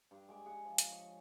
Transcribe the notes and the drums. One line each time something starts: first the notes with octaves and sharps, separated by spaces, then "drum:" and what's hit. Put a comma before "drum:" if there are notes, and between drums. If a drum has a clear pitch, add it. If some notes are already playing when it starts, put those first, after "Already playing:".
G2
G#3 G#5 D6
G#4 F#5
F3
drum: hi-hat
C#5